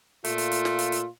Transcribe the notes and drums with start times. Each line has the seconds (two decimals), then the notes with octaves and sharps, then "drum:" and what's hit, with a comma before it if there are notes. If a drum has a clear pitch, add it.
0.25 A#2 A3 F4, drum: hi-hat
0.38 drum: hi-hat
0.52 drum: hi-hat
0.65 drum: snare
0.79 drum: hi-hat
0.92 drum: hi-hat